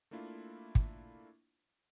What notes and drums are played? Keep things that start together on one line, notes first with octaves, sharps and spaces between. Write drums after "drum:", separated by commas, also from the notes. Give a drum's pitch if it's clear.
A3 A#3 D4 E4 F4
drum: kick